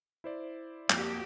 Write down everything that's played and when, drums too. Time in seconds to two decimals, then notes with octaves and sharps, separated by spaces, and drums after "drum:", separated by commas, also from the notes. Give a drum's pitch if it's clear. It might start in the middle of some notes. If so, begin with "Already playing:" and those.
0.24 E4 C5 D5
0.90 F2 A#3 F#4 G4, drum: clap